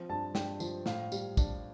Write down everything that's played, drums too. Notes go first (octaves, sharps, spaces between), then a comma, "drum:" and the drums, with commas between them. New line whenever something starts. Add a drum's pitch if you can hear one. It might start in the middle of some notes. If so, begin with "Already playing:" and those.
Already playing: F3 C4
G2 A5
G2 G5, drum: snare
F3, drum: tambourine
A2 F5, drum: snare
G3, drum: tambourine
D4, drum: kick, tambourine